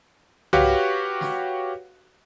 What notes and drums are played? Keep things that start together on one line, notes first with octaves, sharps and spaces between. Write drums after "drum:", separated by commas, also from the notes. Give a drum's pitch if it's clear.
F#4 G4 B4 C#5 F5 F#5, drum: tom C2
drum: snare